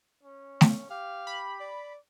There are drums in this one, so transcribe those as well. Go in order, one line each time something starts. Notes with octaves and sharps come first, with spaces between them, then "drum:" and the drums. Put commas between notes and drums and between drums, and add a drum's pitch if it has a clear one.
C#4
drum: snare A3
G4 F5
B5
D5